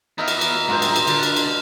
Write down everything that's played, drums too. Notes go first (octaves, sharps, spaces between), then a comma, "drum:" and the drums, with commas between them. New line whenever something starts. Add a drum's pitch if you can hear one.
B3 D#4 E4 E5 F5 A#5
drum: cymbal
drum: cymbal
G2 G#3 F4 B4 C5
drum: cymbal
drum: cymbal
D3, drum: cymbal
drum: cymbal
drum: cymbal